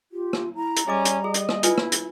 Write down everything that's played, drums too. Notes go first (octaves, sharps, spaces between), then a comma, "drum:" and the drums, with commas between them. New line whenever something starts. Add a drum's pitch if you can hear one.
F4 G4
drum: rim click
E4 A#5
drum: hi-hat
G3 C#4 G#4 D#5 D6
drum: hi-hat
G#4 D#5
drum: hi-hat
drum: rim click
E4 F4 B4 G#5, drum: hi-hat
drum: rim click
drum: hi-hat